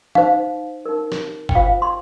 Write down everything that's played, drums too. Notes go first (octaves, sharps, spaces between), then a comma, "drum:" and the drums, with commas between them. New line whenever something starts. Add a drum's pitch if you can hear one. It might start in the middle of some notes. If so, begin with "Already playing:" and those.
D#4 C5 F5, drum: tom E3
D#4 A#4
drum: snare
G5, drum: kick G1
F4 C5 F5
C6